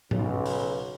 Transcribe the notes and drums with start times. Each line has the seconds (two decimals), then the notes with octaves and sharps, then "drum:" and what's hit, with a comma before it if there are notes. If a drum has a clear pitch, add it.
0.11 B1 C#3, drum: tom A2
0.46 drum: open hi-hat